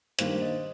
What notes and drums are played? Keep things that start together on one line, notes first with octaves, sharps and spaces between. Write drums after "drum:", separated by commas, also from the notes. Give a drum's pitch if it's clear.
G2 D#3 A#3 C5, drum: hi-hat
D#5